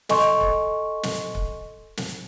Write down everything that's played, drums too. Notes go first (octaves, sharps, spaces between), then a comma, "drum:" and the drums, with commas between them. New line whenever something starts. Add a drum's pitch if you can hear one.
A4 D#5 G#5 C6 C#6, drum: snare
drum: kick
drum: snare
drum: kick
drum: snare